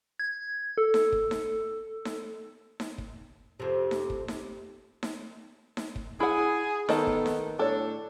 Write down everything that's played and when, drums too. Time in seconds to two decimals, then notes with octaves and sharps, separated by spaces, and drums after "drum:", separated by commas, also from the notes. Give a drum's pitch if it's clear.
0.20 G#6
0.78 A4
0.94 drum: snare D#4
1.12 drum: kick
1.31 drum: snare D#4
2.05 drum: snare D#4
2.80 drum: snare D#4
2.98 drum: kick
3.60 F2 C3
3.91 drum: snare D#4
4.10 drum: kick
4.28 drum: snare D#4
5.03 drum: snare D#4
5.77 drum: snare D#4
5.96 drum: kick
6.20 E4 G#4 F#5
6.89 D#3 B3 A4 D#5 A5, drum: snare D#4
7.07 drum: kick
7.26 drum: snare D#4
7.59 A2 D4 A4 C#5